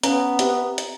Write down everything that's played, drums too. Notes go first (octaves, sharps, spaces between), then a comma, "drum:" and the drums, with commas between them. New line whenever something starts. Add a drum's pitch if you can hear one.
B3 C#4 B4 F5 G#5 A#5, drum: hi-hat
C4 G4 E5, drum: hi-hat
drum: hi-hat